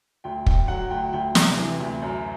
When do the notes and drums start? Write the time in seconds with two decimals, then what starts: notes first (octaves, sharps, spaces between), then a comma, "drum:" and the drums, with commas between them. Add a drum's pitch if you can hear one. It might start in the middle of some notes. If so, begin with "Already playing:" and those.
0.24 D2 G5
0.46 D3 G5, drum: kick
0.68 F#3 F#5
0.90 D2 G5
1.13 D2 G5
1.35 C3, drum: snare
1.58 E3
1.80 D2
2.02 F#2